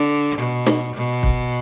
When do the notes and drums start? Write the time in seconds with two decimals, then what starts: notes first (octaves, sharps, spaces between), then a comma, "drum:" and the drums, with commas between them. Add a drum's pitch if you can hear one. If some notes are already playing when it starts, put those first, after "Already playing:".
Already playing: D3
0.38 B2
0.66 drum: snare
0.95 B2
1.23 drum: kick